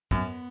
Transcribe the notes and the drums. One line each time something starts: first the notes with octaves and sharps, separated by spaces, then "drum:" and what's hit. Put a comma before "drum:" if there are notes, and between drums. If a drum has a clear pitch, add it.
F#2 B3, drum: kick